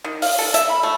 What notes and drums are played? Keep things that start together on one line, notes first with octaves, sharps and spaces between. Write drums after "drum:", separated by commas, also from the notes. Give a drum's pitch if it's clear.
D#3
F5, drum: open hi-hat
A4
E5, drum: hi-hat
B5
A3